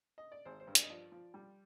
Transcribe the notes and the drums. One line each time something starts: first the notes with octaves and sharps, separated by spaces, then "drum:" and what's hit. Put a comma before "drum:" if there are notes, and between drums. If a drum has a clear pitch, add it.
D#5
D5
G#1 C5
C5
G2
D5, drum: hi-hat
D#5
F3 D5
F3
G3